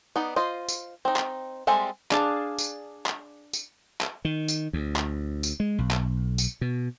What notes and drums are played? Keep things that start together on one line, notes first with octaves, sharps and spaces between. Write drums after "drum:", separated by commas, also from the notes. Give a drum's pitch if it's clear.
B3 D#4 D5
F4 C5 D#5
drum: tambourine
C4 D#4
drum: clap
G3 G#3 C4 A4 E5
D4 G#4 F5 A5, drum: clap
drum: tambourine
drum: clap
drum: tambourine
drum: clap
D#3
drum: tambourine
D2
drum: clap
drum: tambourine
G#3
B1
drum: clap
drum: tambourine
B2